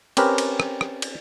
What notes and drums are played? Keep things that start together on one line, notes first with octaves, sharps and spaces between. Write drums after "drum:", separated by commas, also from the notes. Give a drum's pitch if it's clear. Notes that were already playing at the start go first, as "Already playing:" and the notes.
C4 C#4 G4 A#4 B4, drum: cymbal
drum: cymbal
drum: rim click
drum: rim click
drum: cymbal